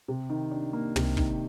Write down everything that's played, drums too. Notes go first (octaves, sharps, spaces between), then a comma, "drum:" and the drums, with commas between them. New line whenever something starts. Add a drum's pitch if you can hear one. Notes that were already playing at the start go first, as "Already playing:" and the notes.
C3
D#3
D4
A#3
C3, drum: tom
D#3, drum: kick